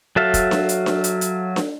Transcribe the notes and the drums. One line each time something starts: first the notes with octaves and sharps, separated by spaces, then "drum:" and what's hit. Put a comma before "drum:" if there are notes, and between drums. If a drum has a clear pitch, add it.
F#3 A4 E5 F5
drum: kick, hi-hat
drum: snare D4
drum: hi-hat
drum: snare D4
drum: hi-hat
drum: hi-hat
drum: snare D4